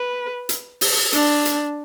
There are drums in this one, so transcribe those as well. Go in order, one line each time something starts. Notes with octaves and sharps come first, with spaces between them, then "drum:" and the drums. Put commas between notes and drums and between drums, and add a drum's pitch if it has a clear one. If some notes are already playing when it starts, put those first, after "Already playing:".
Already playing: B4
drum: hi-hat
drum: open hi-hat
D4, drum: hi-hat
drum: hi-hat